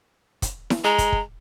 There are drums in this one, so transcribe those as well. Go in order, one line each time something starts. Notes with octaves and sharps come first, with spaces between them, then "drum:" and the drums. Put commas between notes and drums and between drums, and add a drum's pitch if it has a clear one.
drum: kick, hi-hat
drum: snare E4
G#3 A#5
drum: kick, hi-hat
drum: kick